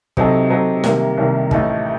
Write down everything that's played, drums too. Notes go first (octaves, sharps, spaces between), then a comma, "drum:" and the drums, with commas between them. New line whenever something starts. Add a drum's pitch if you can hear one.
C3 F#3 C4 D#4 A4, drum: kick
C3 F#3 C4 D#4 A4
C2 C3 D#3 A#3, drum: snare
C2 C3 D#3 A#3
A1 A2 A3 D#4 A4, drum: kick